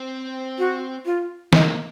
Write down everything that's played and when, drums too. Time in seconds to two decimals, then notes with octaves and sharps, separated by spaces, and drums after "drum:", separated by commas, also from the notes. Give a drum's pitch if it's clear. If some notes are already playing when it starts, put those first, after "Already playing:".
Already playing: C4
0.58 F#4
1.06 F4
1.53 A#3 D#4, drum: snare